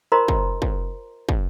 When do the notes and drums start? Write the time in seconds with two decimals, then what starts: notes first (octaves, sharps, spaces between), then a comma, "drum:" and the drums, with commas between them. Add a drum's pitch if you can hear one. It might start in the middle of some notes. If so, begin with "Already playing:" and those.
0.12 F4 A#4 C5 D#5 A#5 C6
0.28 drum: kick
0.62 drum: kick
1.29 drum: kick